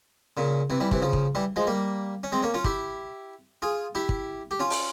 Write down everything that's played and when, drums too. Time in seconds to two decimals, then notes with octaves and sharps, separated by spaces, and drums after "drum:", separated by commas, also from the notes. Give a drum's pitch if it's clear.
0.37 A#2 C#3
0.70 C3 E3
0.80 E3 G3
0.91 C3 E3, drum: kick
1.02 C#3 F3
1.13 drum: kick
1.35 E3 G3
1.56 F3 G#3
1.67 G3 A#3
2.23 C#4
2.32 G#3 C4
2.43 A#3 C#4
2.54 C#4 F4
2.64 E4 G4, drum: kick
3.62 F4 G#4
3.95 E4 G4
4.09 drum: kick
4.51 G4
4.59 C#4 F4
4.70 drum: open hi-hat